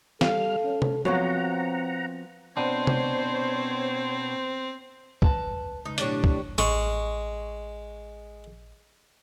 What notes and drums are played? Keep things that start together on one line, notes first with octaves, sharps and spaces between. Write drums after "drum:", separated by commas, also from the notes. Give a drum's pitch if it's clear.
G3 A4 F5 F6, drum: snare
C#4
drum: tom
F3 B3 C4 F#4 C5 C#5 F#5 A#5, drum: tom F#3
B2 B3 C4 D4 C5 C#5
drum: tom
B4 A5, drum: kick
C#2 D#4
B1 A2 D3 D4 G4 C#5, drum: hi-hat
drum: kick
A1 G#3 C#6, drum: hi-hat